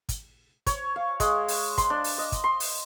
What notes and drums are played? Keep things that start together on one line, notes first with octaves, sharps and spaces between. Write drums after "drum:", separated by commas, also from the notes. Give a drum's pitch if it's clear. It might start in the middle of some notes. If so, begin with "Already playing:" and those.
drum: kick, hi-hat
C#5, drum: kick, hi-hat
F5
G#3, drum: kick, hi-hat
drum: open hi-hat
C6, drum: kick, hi-hat
D4
drum: open hi-hat
D#5
drum: kick, hi-hat
C6
drum: open hi-hat